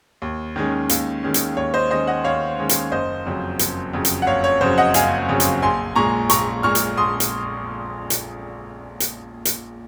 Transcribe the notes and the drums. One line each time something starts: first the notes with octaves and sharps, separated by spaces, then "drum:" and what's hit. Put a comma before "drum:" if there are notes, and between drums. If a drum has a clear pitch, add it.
D#2
D#3 G#3 C#4
D#2, drum: hi-hat
D#3 G#3 C#4
drum: hi-hat
D#2 C#5
C5 D#5
D#3 G#3 C#4 C5 D#5
D#5 F#5
D#2 C#5 F5
D#3 G#3 C#4
drum: hi-hat
F#1 C5 D#5
F2 C#3 F#3
F#1, drum: hi-hat
F2 C#3 F#3
drum: hi-hat
F#5
F#1 C#5 F5
C#5
F2 C#3 F#3 C5
D#5 F#5
F#1 F5 G#5, drum: hi-hat
F2 C#3 F#3
drum: hi-hat
A#1 G#5 C6
A#2 G#3 A#5 C#6
A#1 A#5 C#6, drum: hi-hat
A#2 G#3 C#6 F6
drum: hi-hat
A#1 C6 D#6
drum: hi-hat
drum: hi-hat
drum: hi-hat
drum: hi-hat